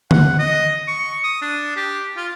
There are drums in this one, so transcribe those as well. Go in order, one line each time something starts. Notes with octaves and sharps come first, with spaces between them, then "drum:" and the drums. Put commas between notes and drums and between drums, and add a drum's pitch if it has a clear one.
F#5, drum: tom D3
D#5
C#6
D#6
D4
G4
F4